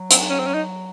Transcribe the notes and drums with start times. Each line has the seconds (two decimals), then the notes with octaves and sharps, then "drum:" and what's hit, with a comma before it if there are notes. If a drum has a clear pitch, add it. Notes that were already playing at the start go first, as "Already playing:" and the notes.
Already playing: F#3
0.11 C4, drum: hi-hat
0.30 C#4
0.39 C4
0.47 C#4
0.54 D#4